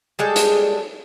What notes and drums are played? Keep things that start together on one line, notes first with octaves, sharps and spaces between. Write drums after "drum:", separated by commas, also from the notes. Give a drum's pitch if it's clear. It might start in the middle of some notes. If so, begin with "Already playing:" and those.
G3 G#3 A4
drum: hi-hat